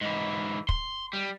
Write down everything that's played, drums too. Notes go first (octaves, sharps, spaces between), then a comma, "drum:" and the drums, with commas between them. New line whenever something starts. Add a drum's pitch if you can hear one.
G#2 E3
C6, drum: kick
G3